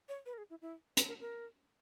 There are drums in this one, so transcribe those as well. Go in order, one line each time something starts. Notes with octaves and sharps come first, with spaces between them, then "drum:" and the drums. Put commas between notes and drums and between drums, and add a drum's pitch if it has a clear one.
C#5
B4
A#4
G#4
E4
E4
B4, drum: hi-hat
A#4
A#4